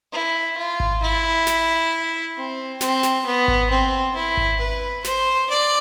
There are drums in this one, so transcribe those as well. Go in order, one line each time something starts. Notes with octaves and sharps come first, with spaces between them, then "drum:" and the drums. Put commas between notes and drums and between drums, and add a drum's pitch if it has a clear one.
E4
F4
drum: kick G#1
E4
drum: snare
C4
C4, drum: snare
drum: snare
B3
drum: kick G#1
C4
E4
drum: kick G#1
B4
C5, drum: snare
D5